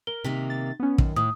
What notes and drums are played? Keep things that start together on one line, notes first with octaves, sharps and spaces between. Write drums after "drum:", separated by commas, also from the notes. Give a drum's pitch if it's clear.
A#4 G7
C3 D#3 A#3 B6
A6
B3 C#4
F#2 D#3, drum: kick
A2 D#6